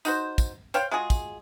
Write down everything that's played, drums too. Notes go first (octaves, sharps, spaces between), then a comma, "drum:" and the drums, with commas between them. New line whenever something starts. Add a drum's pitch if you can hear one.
D#4 F#4 C5, drum: tambourine
drum: kick, tambourine
C5 C#5 F5 G5, drum: tambourine
G#3 F4 F#4 G#4
drum: kick, tambourine